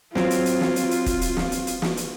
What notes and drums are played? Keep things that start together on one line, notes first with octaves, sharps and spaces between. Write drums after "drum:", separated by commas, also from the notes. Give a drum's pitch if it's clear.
F#3 C4 F4, drum: snare
drum: hi-hat
drum: hi-hat
drum: snare
drum: hi-hat
drum: hi-hat
drum: kick, hi-hat
drum: hi-hat
drum: snare
drum: hi-hat
drum: hi-hat
drum: snare
drum: hi-hat